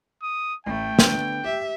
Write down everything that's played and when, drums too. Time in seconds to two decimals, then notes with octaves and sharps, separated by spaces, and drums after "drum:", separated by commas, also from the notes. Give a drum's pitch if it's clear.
0.22 D#6
0.66 A1 A3 G5
0.99 D3 B3, drum: snare
1.44 G4 E5